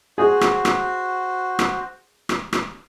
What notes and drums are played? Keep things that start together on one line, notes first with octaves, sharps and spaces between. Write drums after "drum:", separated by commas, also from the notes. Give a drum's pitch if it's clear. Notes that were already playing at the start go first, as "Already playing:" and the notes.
F#4 G#4 C5
drum: rim click
drum: rim click
drum: rim click
drum: rim click
drum: rim click